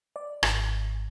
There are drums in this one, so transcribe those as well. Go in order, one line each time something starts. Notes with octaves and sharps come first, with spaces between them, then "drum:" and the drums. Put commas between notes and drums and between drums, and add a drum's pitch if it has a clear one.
D5
G#1, drum: rim click